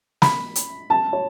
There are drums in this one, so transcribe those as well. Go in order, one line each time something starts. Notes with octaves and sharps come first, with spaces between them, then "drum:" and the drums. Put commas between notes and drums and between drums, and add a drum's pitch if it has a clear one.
B5, drum: snare
drum: hi-hat
A5
C#5